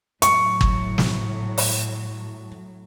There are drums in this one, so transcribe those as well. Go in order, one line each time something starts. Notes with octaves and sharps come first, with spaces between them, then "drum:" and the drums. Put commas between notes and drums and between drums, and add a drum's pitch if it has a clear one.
A2 F#3 C#6, drum: hi-hat
drum: kick G1
drum: snare
drum: open hi-hat